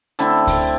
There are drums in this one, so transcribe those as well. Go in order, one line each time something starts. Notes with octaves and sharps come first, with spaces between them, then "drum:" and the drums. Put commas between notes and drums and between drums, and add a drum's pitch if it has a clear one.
D3 A3 C4 E4, drum: hi-hat
drum: kick C#2, open hi-hat